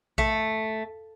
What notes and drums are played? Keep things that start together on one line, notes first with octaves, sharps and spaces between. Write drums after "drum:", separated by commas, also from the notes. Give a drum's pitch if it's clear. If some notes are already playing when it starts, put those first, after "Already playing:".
A3, drum: kick A#1